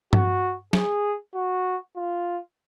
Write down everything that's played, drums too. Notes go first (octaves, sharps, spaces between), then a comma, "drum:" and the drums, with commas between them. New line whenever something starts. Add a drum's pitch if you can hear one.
F#4, drum: tom G2
G#4, drum: snare
F#4
F4